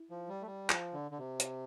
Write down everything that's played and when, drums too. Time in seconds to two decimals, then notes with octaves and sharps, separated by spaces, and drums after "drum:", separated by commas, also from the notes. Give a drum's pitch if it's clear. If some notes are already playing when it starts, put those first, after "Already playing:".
Already playing: E4
0.11 F3
0.29 G3
0.42 A3
0.46 G3
0.70 F3, drum: clap
0.94 D3
1.11 D3
1.18 C3
1.40 drum: hi-hat